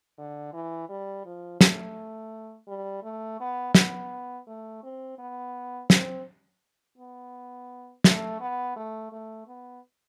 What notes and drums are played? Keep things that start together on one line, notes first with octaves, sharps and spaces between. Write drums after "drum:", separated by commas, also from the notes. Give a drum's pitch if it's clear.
D3
E3
G3
F3
A3, drum: snare
G3
A3
B3
B3, drum: snare
A3
C4
B3
C4, drum: snare
B3
A3, drum: snare
B3
A3
A3
B3